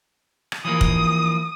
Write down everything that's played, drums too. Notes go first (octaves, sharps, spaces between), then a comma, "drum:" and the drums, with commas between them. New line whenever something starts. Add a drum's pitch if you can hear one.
drum: rim click
E3 F3 A#3 D#6
drum: kick